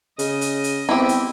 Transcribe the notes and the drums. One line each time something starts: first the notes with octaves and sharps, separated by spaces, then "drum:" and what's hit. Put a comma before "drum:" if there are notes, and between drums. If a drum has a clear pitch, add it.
C#3 D#5, drum: hi-hat
drum: hi-hat
drum: hi-hat
B3 C4 E4 G4
drum: hi-hat